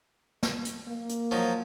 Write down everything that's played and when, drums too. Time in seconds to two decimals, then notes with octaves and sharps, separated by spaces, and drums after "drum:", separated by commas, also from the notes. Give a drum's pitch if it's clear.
0.43 drum: snare
0.65 drum: hi-hat
0.86 A#3
1.09 drum: hi-hat
1.31 F3 F#3 D#4